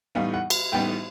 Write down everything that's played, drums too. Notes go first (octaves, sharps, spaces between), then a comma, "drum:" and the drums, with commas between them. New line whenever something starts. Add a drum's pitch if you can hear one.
A2 E3 G3 B3 D#4 F5
F#5
drum: cymbal
A2 E3 G3 B3 D#4 G5